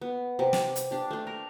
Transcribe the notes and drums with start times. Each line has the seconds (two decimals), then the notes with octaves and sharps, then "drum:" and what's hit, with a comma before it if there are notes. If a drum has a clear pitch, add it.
0.01 B3
0.39 C3
0.53 D6, drum: snare
0.76 drum: hi-hat
0.91 D4 G4
1.11 A3 D4
1.27 A#4